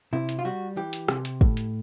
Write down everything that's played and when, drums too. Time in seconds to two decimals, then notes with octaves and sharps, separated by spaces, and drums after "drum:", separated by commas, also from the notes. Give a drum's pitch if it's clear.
0.13 C3 E4
0.29 drum: hi-hat
0.39 F4
0.45 G3 F#4
0.77 E3 G4
0.93 drum: hi-hat
1.08 C3, drum: rim click
1.25 drum: hi-hat
1.41 A2, drum: kick
1.57 drum: hi-hat